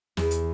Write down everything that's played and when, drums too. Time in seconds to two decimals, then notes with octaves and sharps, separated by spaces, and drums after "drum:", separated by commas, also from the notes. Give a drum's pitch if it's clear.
0.17 E2, drum: snare
0.31 drum: hi-hat